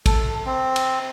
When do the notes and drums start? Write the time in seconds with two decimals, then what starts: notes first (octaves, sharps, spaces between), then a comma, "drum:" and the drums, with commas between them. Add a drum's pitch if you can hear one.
0.06 A4, drum: kick, cymbal
0.46 C4
0.76 drum: cymbal